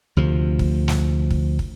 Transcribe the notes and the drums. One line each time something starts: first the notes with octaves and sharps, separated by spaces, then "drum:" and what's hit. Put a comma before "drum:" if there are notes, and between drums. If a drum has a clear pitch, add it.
D2 C3 F3
drum: kick
drum: snare
drum: kick
drum: kick